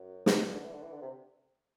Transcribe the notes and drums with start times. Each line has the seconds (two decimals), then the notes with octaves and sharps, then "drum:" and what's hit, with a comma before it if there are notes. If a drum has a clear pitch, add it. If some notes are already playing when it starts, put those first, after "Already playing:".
Already playing: F#2
0.26 drum: snare
0.45 G2
0.55 D3
0.65 E3
0.73 D3
0.83 E3
0.93 D3
1.02 C3